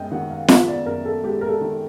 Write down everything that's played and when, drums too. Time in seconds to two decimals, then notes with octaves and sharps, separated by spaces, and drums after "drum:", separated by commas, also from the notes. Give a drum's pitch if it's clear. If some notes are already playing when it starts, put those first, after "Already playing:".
Already playing: F#2 G#3 B3 D#5 G5
0.12 D#3 F#5
0.30 F5
0.48 B3 E5, drum: snare
0.68 D5
0.86 F#2 A#4
1.05 A4
1.24 G#3 G4
1.41 A#4
1.49 A4
1.61 D#3